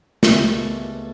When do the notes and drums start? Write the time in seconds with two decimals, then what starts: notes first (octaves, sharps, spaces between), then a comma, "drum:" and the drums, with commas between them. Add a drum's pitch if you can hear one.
0.23 C#2 B2 G3 A3 A#3, drum: snare